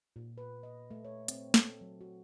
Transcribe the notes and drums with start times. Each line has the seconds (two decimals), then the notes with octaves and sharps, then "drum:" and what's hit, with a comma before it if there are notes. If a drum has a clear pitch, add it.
0.16 A#2
0.38 B4
0.63 D#5
0.91 A3
1.05 C#5
1.28 C4, drum: hi-hat
1.54 A4, drum: snare
1.81 F#3
2.01 F#4